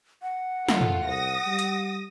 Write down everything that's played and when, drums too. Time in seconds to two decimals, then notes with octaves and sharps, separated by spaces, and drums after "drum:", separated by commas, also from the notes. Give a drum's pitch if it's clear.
0.22 F#5
0.68 D#3 A3 F4, drum: snare
0.81 drum: tom
1.07 C2 D#6 A#6
1.47 G3
1.59 drum: hi-hat